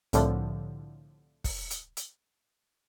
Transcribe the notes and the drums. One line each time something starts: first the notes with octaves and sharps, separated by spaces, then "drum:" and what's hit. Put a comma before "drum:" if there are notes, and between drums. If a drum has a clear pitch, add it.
C2 A2 D3 F3, drum: hi-hat
drum: kick, open hi-hat
drum: hi-hat
drum: hi-hat